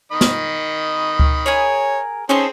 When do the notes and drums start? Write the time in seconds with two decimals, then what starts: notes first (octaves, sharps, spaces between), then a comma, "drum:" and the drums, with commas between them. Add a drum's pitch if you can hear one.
0.12 D#3 D#5 B5
0.21 drum: snare
1.20 drum: kick C#2
1.46 G#4 A#4 C#5 G#5
2.29 C4 C#4 D#4 G#4 A4 C6